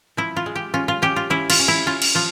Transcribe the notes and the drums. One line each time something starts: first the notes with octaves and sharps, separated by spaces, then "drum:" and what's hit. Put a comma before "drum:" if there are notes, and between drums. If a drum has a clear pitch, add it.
F3 E4
F4
G#3
G4
C#4 F4
F4
C#4 G4
F4
C#4 E4
F4, drum: cymbal
C#4
E4
C#4 F4
drum: cymbal
F3 F4